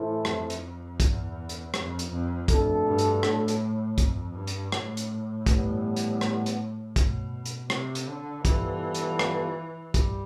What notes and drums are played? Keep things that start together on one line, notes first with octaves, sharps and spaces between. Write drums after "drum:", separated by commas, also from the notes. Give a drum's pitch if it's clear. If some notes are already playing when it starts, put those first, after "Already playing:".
Already playing: A2 E3 A3 E4 A4 C5
F2, drum: rim click
drum: hi-hat
E2, drum: kick, hi-hat
drum: hi-hat
F2, drum: rim click
drum: hi-hat
F2
B2 A3 D4 A4, drum: kick, hi-hat
G2
drum: hi-hat
A2, drum: rim click
drum: hi-hat
F2, drum: kick, hi-hat
G2
drum: hi-hat
A2, drum: rim click
drum: hi-hat
E3 G3 B3, drum: kick, hi-hat
drum: hi-hat
drum: rim click
drum: hi-hat
B2, drum: kick, hi-hat
drum: hi-hat
C3, drum: rim click
drum: hi-hat
D3
E3 G3 B3 F4 A4 C5, drum: kick, hi-hat
drum: hi-hat
drum: rim click
G3, drum: kick, hi-hat